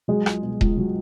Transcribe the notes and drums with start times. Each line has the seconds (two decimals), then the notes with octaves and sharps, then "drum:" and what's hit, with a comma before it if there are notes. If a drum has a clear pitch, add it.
0.08 F#3 G#3 G#4
0.26 C#2, drum: rim click
0.43 B2
0.61 C#2, drum: kick D#1
0.77 F#3